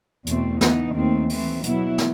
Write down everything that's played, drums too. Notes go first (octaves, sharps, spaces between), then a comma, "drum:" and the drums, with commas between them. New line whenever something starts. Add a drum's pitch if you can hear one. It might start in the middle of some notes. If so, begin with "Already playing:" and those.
E2 B2 A3 C4, drum: hi-hat
E3 B3 D#4, drum: snare
D#2 D#3 A3 C4
E3 A3 C4, drum: open hi-hat
B2 F#3 B3 E4, drum: hi-hat
drum: snare